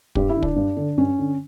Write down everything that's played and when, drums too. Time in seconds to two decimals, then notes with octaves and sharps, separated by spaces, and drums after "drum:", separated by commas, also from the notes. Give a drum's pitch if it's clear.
0.15 G2 G4, drum: kick
0.29 E4
0.36 D3
0.43 D4, drum: kick
0.56 G2
0.77 D3
0.97 G2 C#4
1.19 D3